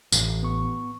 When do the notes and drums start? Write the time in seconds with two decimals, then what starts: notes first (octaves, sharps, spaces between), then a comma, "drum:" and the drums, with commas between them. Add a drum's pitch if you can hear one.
0.12 A1, drum: tambourine
0.43 B3 C#6